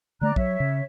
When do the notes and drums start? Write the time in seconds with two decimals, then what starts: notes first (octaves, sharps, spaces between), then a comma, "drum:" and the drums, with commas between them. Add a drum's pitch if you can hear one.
0.21 D3 A3 D5 A#5 F#6
0.36 F#3 C#5 E5, drum: kick
0.60 C#3